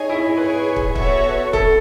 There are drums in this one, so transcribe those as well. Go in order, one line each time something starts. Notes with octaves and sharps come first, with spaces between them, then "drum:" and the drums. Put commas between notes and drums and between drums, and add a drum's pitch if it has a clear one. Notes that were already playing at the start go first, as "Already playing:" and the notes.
Already playing: D#4 G#4 C#5 G#5
E4
G#4 B4 C#5 G#5
drum: kick
B3 F#4 A4 C#5 E5, drum: kick
A4, drum: kick